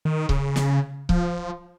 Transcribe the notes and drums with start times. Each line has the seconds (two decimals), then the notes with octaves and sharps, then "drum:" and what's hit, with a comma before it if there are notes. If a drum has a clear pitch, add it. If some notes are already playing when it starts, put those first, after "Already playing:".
0.05 D#3
0.29 C#3, drum: kick C#1
0.56 drum: snare
1.09 F3, drum: kick C#1